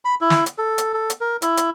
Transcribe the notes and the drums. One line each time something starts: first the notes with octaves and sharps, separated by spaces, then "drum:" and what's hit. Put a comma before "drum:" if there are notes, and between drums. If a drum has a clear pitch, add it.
B5
E4
drum: snare
drum: hi-hat
A4
drum: hi-hat
A4
drum: hi-hat
A#4
E4, drum: hi-hat
drum: hi-hat